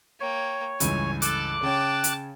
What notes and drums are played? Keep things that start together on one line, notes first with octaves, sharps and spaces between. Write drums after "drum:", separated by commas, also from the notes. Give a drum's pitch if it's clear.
A#3 C#5 G5
C#2 G2 E3 G#5, drum: hi-hat
A4 A5 D6 F#6, drum: hi-hat
C#3 C#5 G5 A5
drum: hi-hat